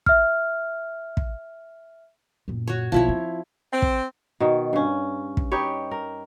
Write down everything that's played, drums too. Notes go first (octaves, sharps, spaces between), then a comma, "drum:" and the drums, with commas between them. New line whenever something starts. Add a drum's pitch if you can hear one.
E5 F6, drum: kick
drum: kick
F#2 A#2
F#4 C#5
B1 B2 F3 E4 C#5
C4
C4
drum: kick
B2 D#3
G2 C#4
drum: kick
D#4 G4 B4 C#5
A#4